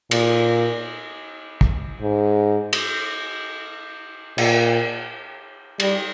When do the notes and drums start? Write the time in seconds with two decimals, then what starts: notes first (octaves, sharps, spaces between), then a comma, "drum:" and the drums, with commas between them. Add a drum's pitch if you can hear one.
0.11 A#2, drum: cymbal
1.61 drum: kick
2.01 G#2
2.73 drum: cymbal
4.38 A#2, drum: cymbal
5.80 G3, drum: cymbal